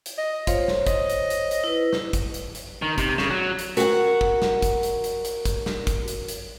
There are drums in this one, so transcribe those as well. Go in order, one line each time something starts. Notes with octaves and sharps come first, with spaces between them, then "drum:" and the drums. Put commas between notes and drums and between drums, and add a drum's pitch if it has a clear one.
drum: hi-hat
D#5
F4 C5 C#5, drum: kick, hi-hat
drum: snare
D#5, drum: kick, hi-hat
drum: hi-hat
drum: hi-hat
drum: hi-hat
E4 B4
drum: snare
drum: kick, hi-hat
drum: hi-hat
drum: hi-hat
D#3
C3, drum: kick, hi-hat
C#3, drum: snare
F#3
drum: hi-hat
F#4 A#4 F#5, drum: hi-hat
drum: kick
drum: snare
drum: kick, hi-hat
drum: hi-hat
drum: hi-hat
drum: hi-hat
drum: kick, hi-hat
drum: snare
drum: kick, hi-hat
drum: hi-hat
drum: hi-hat